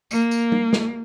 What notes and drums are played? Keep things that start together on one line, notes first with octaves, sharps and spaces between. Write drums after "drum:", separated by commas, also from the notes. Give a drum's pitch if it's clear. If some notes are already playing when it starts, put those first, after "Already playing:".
A#3, drum: tambourine
drum: tambourine
drum: tom
drum: snare